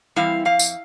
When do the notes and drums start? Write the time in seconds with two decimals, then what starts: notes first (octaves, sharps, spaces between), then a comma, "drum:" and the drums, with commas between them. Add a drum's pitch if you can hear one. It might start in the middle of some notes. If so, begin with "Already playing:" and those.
0.16 E3 G3 C4 E4 F5
0.45 F2 F5
0.59 drum: tambourine